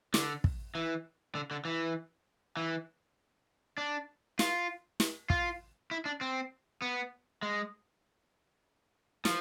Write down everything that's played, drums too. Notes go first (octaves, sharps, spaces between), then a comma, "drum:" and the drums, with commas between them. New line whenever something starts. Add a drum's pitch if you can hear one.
D3, drum: snare
drum: kick
E3
D3
D3
E3
E3
D4
F4, drum: snare
drum: snare
F4, drum: kick
E4
D4
C4
B3
G#3
F3, drum: snare